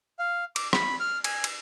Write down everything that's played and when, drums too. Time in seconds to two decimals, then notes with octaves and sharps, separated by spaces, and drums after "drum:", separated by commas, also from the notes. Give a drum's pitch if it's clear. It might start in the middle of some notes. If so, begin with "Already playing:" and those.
0.19 F5
0.56 D6, drum: cymbal
0.73 B5, drum: rim click
1.00 F6
1.24 G#5, drum: cymbal
1.44 drum: cymbal